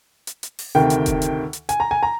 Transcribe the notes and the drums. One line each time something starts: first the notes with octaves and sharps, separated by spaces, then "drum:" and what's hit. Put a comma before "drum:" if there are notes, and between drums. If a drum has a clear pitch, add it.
drum: hi-hat
drum: hi-hat
drum: open hi-hat
D2 C3 D#3 G5
drum: hi-hat
drum: kick F1, hi-hat
drum: hi-hat
drum: hi-hat
G#5, drum: hi-hat
A#5
G#5
A#5